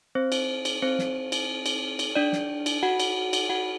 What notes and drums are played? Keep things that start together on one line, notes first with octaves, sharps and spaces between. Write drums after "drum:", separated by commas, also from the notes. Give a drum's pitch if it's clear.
C4 C5
drum: cymbal
drum: cymbal
C4 C5
drum: snare
drum: cymbal
drum: cymbal
drum: cymbal
D4 D5
drum: snare
drum: cymbal
F#4 F#5
drum: cymbal
drum: cymbal
F#4 F#5